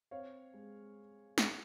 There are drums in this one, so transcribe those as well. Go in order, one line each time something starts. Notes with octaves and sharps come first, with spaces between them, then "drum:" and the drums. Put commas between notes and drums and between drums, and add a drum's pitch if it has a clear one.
C4 C#5 F5
G#3
drum: snare